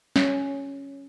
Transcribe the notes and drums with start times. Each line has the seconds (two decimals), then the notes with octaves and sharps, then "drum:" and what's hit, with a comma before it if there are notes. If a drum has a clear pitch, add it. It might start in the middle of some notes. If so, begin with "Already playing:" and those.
0.16 C#4, drum: snare